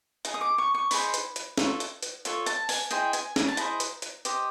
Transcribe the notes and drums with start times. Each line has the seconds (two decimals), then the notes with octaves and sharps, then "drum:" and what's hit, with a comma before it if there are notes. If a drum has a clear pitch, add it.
0.25 D#4 G#4, drum: hi-hat
0.34 D#6
0.41 D6
0.58 C#6
0.75 C#6
0.91 D#4 G#4 C5 B5, drum: open hi-hat
1.14 drum: hi-hat
1.36 drum: hi-hat
1.58 F4 A4 C#5, drum: snare
1.80 drum: hi-hat
2.03 drum: hi-hat
2.25 F4 A4 C#5, drum: hi-hat
2.46 A5, drum: hi-hat
2.69 G#5, drum: open hi-hat
2.91 E4 G#4 C5 D#5 G5, drum: hi-hat
3.13 G#5, drum: hi-hat
3.36 A#5, drum: snare
3.48 A5
3.57 E4 G#4 C5 D#5 A#5, drum: hi-hat
3.80 drum: hi-hat
4.02 drum: hi-hat
4.25 G4 C5 D#5, drum: hi-hat